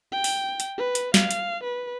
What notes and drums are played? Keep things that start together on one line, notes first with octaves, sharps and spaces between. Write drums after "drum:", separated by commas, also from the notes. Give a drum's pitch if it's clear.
G5
drum: open hi-hat
drum: hi-hat
B4
drum: hi-hat
F5, drum: snare
drum: hi-hat
B4